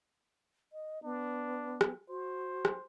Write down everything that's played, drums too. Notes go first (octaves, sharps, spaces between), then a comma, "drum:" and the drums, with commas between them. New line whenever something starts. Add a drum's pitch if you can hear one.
D#5
B3 D4
drum: rim click
F#4 C5
drum: rim click